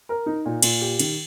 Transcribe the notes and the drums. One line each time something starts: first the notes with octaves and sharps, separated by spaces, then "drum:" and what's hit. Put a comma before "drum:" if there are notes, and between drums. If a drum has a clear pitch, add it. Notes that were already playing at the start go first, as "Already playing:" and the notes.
A#4
D#4
A#2
A#2, drum: cymbal
G4
D#3, drum: cymbal